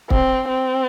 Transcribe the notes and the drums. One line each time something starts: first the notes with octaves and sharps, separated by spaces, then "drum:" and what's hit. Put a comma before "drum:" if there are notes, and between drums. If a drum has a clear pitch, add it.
C4, drum: kick
C4